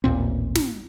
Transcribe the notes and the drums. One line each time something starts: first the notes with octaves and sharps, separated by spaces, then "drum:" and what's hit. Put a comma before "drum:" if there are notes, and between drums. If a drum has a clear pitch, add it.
A1 D#2 A#2 C4
drum: snare